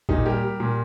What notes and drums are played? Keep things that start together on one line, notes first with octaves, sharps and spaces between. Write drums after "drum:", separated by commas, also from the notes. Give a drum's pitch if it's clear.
A#2 D#4 G4, drum: kick A1
G3 G4 A#4
G3
A#2